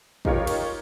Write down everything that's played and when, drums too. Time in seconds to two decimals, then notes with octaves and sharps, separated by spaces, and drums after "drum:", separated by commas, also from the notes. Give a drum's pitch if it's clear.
0.25 D#4 F4 G4 A#4 C#5, drum: kick
0.47 drum: cymbal